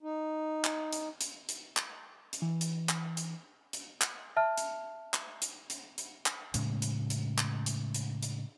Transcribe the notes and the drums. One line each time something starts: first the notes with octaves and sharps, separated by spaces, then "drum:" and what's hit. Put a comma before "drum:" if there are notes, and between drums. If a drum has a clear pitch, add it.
D#4
drum: clap
drum: hi-hat
drum: hi-hat
drum: hi-hat
drum: clap
drum: hi-hat
E3
drum: hi-hat
drum: clap
drum: hi-hat
drum: hi-hat
drum: clap
E5 A5 F6
drum: hi-hat
drum: clap
drum: hi-hat
drum: hi-hat
drum: hi-hat
drum: clap
A2 C#3 G#3 A3, drum: hi-hat
drum: hi-hat
drum: hi-hat
drum: clap
drum: hi-hat
drum: hi-hat
drum: hi-hat